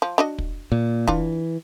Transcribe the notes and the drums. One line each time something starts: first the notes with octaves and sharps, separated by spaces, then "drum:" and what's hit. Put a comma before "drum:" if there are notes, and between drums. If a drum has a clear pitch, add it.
F3
D4 F#4 D#5
drum: kick
A#2
E3 D4 F4, drum: kick